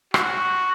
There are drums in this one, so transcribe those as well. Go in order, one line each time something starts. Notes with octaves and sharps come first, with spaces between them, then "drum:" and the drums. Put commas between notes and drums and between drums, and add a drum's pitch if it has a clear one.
F#4, drum: rim click